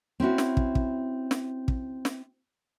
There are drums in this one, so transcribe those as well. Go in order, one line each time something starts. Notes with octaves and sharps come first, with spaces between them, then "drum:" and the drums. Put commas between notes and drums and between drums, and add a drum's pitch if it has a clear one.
C4 C#4 E4 F#4
drum: snare
drum: kick
drum: kick
drum: snare
drum: kick
drum: snare